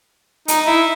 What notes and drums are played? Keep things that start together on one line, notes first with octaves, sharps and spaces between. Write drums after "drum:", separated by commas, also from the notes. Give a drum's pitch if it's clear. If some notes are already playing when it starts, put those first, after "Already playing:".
D#4, drum: hi-hat
E4